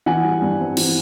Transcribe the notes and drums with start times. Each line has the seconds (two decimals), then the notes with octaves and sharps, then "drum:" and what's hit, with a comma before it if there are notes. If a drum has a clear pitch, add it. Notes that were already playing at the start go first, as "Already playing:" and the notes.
0.06 E3 F#5 G#5
0.24 G3
0.42 G2
0.59 C4
0.77 E3, drum: cymbal